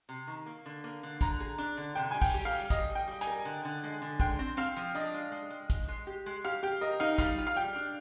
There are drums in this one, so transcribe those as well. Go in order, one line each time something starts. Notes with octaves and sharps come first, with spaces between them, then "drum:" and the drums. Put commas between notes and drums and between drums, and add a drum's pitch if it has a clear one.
C3
D#3
A#3
D3
A#3
D3
D3 A#5, drum: kick, hi-hat
G#4
D4
D3
C3 G5
G3 G#5
G5, drum: kick, open hi-hat
G4
F5
G3
G3 D#5, drum: kick, hi-hat
G3
G5
G3
G#5, drum: hi-hat
A#4
D3
D3
G#3
D3
G#3 G5, drum: kick
C4
C4 F5
F3
D4 D#5
G#3
G#3
G#3
G#3, drum: kick, hi-hat
G#3
G4
G#3
G4 F5
G4 G5
A#4 D#5
D#4 F5
G3 F5, drum: kick, hi-hat
F4
F5
G3 G5
D4